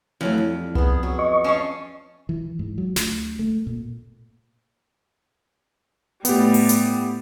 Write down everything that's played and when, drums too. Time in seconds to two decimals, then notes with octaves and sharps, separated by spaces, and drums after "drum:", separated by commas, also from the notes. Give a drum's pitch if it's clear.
0.21 F2 E3 F#3 A3
0.38 G2
0.75 B3 G#4, drum: tom C2
1.03 F#3
1.19 D#5 C#6
1.44 C#4 E5 F5 A5
2.29 E3
2.59 G#2
2.78 F#3
2.96 D2, drum: snare
3.39 A3
3.67 A#2
6.25 A2 G3 B3 G4, drum: hi-hat
6.54 drum: open hi-hat
6.69 drum: hi-hat